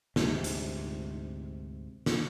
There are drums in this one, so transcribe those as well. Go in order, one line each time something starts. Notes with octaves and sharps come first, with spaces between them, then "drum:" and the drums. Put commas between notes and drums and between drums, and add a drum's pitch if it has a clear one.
D2 G#2 C3, drum: snare
drum: hi-hat
drum: snare